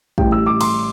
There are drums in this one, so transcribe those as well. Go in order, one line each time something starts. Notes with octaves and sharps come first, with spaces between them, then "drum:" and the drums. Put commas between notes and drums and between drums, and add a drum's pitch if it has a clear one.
A1 A2 G3 G5, drum: kick
E6
D6
C6, drum: cymbal